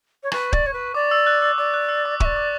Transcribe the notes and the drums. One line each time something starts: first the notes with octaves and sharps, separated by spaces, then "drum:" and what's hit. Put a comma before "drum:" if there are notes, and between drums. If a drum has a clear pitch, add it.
C#5
B4 C#6, drum: rim click
D5, drum: kick D1
C#5
B4
D5 D6
E6
F#6
E6
D5 D6
F#6
E6
D6
E5 C#6, drum: kick D1
D5
D6